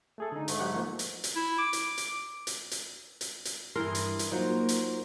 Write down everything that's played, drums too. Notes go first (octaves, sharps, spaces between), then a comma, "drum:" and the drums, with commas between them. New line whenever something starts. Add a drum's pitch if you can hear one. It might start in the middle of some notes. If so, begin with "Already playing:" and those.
A3 G#4 A4
D3 D#4
G#2 A3, drum: hi-hat
F#3 G4 F#5
F3 A#3
drum: hi-hat
drum: hi-hat
E4
D6
drum: hi-hat
drum: hi-hat
drum: hi-hat
drum: hi-hat
drum: hi-hat
drum: hi-hat
G2 E3 A#4 C6 D#6
drum: hi-hat
drum: hi-hat
F#3 A#3 D#4 F4 A#4 C5
drum: hi-hat